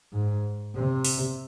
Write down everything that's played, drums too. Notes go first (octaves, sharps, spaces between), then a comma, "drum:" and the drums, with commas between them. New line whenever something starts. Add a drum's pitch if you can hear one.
G#2
C3
drum: open hi-hat